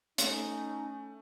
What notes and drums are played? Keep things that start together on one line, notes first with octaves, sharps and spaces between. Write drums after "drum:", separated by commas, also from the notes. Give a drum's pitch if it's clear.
A3 C#4 D#4, drum: hi-hat